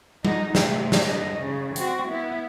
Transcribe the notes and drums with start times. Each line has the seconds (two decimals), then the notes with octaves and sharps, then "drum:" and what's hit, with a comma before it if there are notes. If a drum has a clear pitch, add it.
0.25 D#4, drum: tom G3
0.55 C3 A3, drum: snare
0.92 drum: snare
1.05 D3 D#5
1.36 C#3
1.76 C4 F#4, drum: hi-hat
2.09 B3 E4